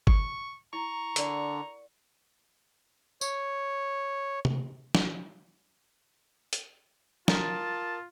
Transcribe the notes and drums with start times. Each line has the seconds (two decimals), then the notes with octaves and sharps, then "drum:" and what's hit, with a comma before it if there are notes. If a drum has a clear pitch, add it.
0.07 C#6, drum: kick G1
0.73 E4 A#5 C#6
1.16 D3 A#4 D5 F#5, drum: hi-hat
3.21 C#5, drum: tambourine
4.45 drum: tom C3
4.95 drum: snare
6.53 drum: hi-hat
7.28 F4 A#4 A5 D#6, drum: snare